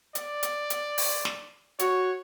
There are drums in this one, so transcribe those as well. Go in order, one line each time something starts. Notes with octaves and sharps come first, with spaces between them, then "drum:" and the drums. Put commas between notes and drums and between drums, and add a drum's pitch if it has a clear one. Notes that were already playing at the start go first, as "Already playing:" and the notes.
D5, drum: hi-hat
drum: hi-hat
drum: hi-hat
drum: open hi-hat
drum: snare
F#4 C#5, drum: hi-hat